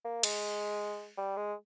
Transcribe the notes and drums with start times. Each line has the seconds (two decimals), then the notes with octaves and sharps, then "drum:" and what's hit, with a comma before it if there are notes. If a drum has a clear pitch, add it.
0.05 A#3
0.23 G#3, drum: cymbal
1.17 G3
1.37 G#3